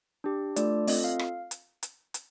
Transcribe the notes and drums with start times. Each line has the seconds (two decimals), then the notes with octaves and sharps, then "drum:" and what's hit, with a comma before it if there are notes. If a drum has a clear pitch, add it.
0.24 D4 G4
0.56 A3 D4 F4 A4 D5, drum: hi-hat
0.87 C4 F4 A4 D#5, drum: open hi-hat
1.04 F5
1.19 drum: rim click
1.51 drum: hi-hat
1.83 drum: hi-hat
2.14 drum: hi-hat